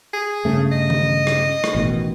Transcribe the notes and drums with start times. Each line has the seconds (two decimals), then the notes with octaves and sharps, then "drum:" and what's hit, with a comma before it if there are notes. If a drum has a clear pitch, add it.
0.13 G#4
0.45 G2 C#3 A3
0.72 D#5
0.90 drum: tom D#3
1.27 drum: rim click
1.64 drum: rim click
1.75 A1 B2 D#3